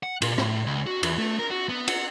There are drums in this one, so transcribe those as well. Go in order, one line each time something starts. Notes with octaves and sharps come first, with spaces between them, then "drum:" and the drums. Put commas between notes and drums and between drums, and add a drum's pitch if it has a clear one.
F#5
A#2, drum: cymbal
A2, drum: rim click
C#2
F#4
E2, drum: cymbal
A3
A#4
F#4
B3
F#5, drum: cymbal